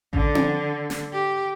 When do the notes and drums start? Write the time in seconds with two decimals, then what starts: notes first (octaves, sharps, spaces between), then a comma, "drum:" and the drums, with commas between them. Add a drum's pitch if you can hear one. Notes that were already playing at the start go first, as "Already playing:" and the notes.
0.13 D3, drum: kick A1
0.35 drum: tom C4
0.90 drum: snare
1.12 G4